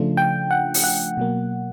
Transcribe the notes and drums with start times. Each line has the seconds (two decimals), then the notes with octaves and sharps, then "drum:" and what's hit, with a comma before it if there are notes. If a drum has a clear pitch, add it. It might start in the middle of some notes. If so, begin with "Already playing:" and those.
Already playing: C#3 F3 A3 D4 F4
0.17 G5
0.51 F#5
0.74 drum: open hi-hat
0.84 F#5
1.17 B2 F#3 A#3